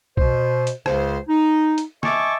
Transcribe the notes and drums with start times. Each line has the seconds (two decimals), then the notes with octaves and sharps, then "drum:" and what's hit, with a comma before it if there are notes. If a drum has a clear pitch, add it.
0.17 B2 C5, drum: kick
0.67 drum: hi-hat
0.86 C#2 C#3 C5, drum: rim click
1.28 D#4
1.78 drum: hi-hat
2.03 D#5 E5 G#5 A5 C#6 D6, drum: snare